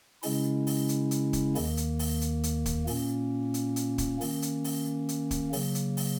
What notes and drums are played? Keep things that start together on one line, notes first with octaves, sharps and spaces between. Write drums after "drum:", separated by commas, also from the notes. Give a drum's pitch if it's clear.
C#3 G#3 C#4 E4, drum: open hi-hat
drum: open hi-hat
drum: hi-hat
drum: hi-hat
drum: kick, hi-hat
D#2 D#3 A#3, drum: open hi-hat
drum: hi-hat
drum: open hi-hat
drum: hi-hat
drum: hi-hat
drum: kick, hi-hat
A#2 A#3 C#4, drum: open hi-hat
drum: hi-hat
drum: hi-hat
drum: kick, hi-hat
D#3 A#3 C#4, drum: open hi-hat
drum: hi-hat
drum: open hi-hat
drum: hi-hat
drum: kick, hi-hat
C#3 F#3 A#3, drum: open hi-hat
drum: hi-hat
drum: open hi-hat